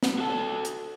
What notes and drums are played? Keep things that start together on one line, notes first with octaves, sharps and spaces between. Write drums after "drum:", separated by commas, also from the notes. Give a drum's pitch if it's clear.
drum: snare
F#4 A4 A5
drum: hi-hat